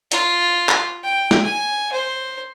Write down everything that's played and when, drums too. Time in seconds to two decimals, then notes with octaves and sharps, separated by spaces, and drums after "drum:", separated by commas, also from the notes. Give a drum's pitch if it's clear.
0.12 F4, drum: hi-hat
0.69 drum: clap
1.04 G5
1.31 drum: snare
1.44 G#5
1.92 C5